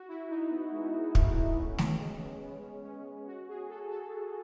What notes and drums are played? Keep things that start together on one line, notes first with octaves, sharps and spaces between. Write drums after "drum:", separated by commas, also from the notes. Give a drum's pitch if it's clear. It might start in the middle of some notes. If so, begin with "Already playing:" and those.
Already playing: F#4
E4
D#4
B3
G#3
A3, drum: kick
C#4
C#4
B3, drum: snare A3
G#3
B3
C#4
F#4
G#4
A4
A4